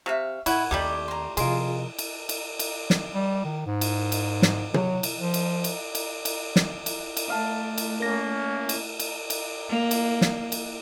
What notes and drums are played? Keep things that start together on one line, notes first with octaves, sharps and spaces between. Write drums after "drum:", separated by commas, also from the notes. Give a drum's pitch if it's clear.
C3 E5 F5 C#6
A2 E4 F#5 C#6 G#6, drum: cymbal
D#2 G3 A3 C4 D#4 G4
A#5 C6
C3 F3 F4 G#4 A#4 D#5 C6, drum: cymbal
drum: cymbal
drum: cymbal
drum: cymbal
drum: snare
G3
D#3
G#2
drum: cymbal
drum: cymbal
drum: snare
F#3, drum: tom
drum: cymbal
F3
drum: cymbal
drum: cymbal
drum: cymbal
drum: cymbal
drum: snare
drum: cymbal
drum: cymbal
A3 E5 F5 A5
drum: cymbal
A#3 C#4 A#4 A#6
drum: cymbal
drum: cymbal
drum: cymbal
A#3
drum: cymbal
drum: snare
drum: cymbal